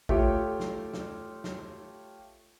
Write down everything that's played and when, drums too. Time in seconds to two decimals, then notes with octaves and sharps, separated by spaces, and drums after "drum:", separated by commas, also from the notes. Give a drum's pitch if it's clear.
0.09 A3 F4 G4 C#5, drum: kick A1
0.60 drum: snare
0.94 drum: snare
1.44 drum: snare